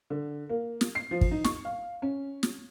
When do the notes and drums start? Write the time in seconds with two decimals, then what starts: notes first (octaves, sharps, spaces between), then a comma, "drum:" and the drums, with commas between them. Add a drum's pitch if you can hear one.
0.10 D3
0.49 A#3
0.81 drum: snare
0.95 C7
1.11 F3
1.21 drum: kick
1.31 D#4
1.44 C#6, drum: snare
1.65 F5
2.02 C#4
2.43 drum: snare